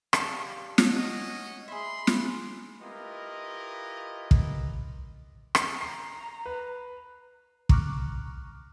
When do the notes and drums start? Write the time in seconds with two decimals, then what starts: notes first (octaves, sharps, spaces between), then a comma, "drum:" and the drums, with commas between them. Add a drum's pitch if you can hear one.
0.13 G3 F5 A5, drum: rim click
0.78 C#4 F#4 D#5, drum: snare
1.68 G#4 E5 B5 C6
2.07 drum: snare
2.81 E4 F4 G4 A#4 B4 D#5
4.31 drum: kick
5.55 drum: rim click
5.81 A#5 C7
6.46 B4
7.69 A#5 C#6 D6 F6 F#6, drum: kick